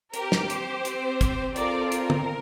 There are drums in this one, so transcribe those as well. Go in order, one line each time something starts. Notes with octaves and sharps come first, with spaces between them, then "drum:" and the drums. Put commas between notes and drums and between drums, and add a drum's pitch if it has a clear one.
C4 G4 A#4, drum: hi-hat
drum: snare
C5, drum: hi-hat
C4, drum: hi-hat
G4
drum: kick, hi-hat
C4 F4 A4 A#4 D5, drum: hi-hat
A#4, drum: hi-hat
drum: tom